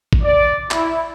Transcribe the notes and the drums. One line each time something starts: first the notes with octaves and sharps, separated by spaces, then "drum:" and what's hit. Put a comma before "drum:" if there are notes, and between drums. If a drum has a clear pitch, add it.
drum: kick
D5
E4, drum: clap